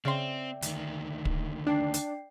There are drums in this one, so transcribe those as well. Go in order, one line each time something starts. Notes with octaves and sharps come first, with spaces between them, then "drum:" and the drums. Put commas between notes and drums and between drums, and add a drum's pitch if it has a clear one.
C#3 C4 D5 E5 G5 C6
D2 D#3, drum: hi-hat
drum: kick
D4 D5 G5 C7
drum: hi-hat